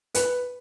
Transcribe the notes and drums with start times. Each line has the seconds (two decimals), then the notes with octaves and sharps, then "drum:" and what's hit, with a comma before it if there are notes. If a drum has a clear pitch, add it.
0.15 B4, drum: hi-hat